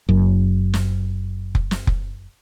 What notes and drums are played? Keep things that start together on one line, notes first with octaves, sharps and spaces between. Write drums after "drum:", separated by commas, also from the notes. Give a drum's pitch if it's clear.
F#1 F#2
drum: snare
drum: kick F1
drum: snare
drum: kick F1